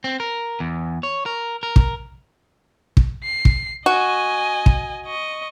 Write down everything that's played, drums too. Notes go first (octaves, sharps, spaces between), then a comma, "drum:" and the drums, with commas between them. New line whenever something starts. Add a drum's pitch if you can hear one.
C4
A#4
E2
C#5
A#4
A#4
drum: kick
drum: kick
C7
drum: kick
F#4 D#5 G#5
drum: kick
D#5 C#6